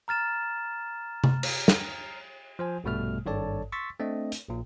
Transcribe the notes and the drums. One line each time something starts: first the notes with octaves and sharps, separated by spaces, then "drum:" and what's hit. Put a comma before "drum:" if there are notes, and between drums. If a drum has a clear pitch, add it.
A#5 F6 A6 E7
drum: tom C3
drum: cymbal
drum: snare
F3 C5 G#5
A#1 G2 B2 G3 A3 F6
G#1 G2 A4 C#5 D5 A5
C6 C#6 E6 A6 B6
A3 C4 D4 D#5
drum: hi-hat
A#1 A#2